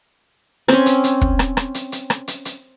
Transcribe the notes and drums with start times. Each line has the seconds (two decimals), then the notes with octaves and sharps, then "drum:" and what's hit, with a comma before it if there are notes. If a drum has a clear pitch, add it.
0.68 C4 C#4, drum: rim click
0.86 drum: hi-hat
1.04 drum: hi-hat
1.21 drum: kick
1.39 drum: rim click
1.57 drum: rim click
1.75 drum: hi-hat
1.92 drum: hi-hat
2.10 drum: rim click
2.28 drum: hi-hat
2.45 drum: hi-hat